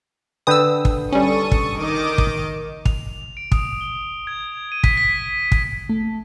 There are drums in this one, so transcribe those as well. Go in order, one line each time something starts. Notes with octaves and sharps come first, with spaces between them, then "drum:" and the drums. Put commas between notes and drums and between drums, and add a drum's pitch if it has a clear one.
D3 B4 G5 D#6 E6
drum: kick
G3 C#4 A4 C#6 D#6
drum: kick
D#3 D#5 D6
drum: kick
F7, drum: kick
D7
D#6, drum: kick
G7
G#6
D#7
B6, drum: kick
B6
drum: kick
A3